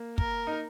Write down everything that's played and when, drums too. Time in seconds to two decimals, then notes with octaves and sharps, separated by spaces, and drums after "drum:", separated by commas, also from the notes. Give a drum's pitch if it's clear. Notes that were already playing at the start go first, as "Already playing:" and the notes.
Already playing: A#3
0.18 A#4, drum: kick
0.47 D#4